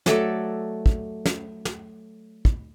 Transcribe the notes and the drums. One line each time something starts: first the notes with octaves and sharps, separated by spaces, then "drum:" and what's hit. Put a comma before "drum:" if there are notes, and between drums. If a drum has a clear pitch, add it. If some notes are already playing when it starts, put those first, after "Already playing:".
F#3 A3 A4 D5, drum: snare
drum: kick
drum: snare
drum: snare
drum: kick